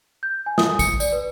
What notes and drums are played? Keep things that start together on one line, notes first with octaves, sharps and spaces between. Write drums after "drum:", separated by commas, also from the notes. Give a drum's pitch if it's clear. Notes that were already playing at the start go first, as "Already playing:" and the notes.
G6
G#5
D#6, drum: snare
C#7, drum: kick, tambourine
D5, drum: tambourine
B4